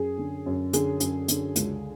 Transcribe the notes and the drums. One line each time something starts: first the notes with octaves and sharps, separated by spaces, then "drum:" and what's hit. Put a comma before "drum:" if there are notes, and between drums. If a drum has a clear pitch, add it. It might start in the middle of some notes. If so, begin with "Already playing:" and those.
Already playing: F#2 G#4
D3
F#2
D3 G#4, drum: hi-hat
F#2, drum: hi-hat
D3, drum: hi-hat
C#2, drum: hi-hat